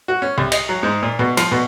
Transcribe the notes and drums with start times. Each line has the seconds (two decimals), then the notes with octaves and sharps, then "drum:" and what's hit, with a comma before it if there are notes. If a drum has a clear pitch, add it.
0.08 F#4
0.22 C#4
0.38 C2
0.52 D#5, drum: cymbal
0.69 F#3
0.83 G#2
1.03 A#2
1.19 B2
1.37 F3, drum: cymbal
1.51 B2